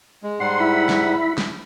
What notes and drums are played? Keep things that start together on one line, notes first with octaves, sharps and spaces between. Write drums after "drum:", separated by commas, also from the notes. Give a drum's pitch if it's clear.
G#3
G#2 G3 F#5 C6
E4 B5
drum: snare
drum: snare